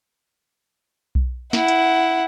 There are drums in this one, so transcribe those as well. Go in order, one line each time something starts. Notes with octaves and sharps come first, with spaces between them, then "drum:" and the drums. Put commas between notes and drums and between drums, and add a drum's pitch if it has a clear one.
drum: kick B1
E4 F#5, drum: snare
drum: hi-hat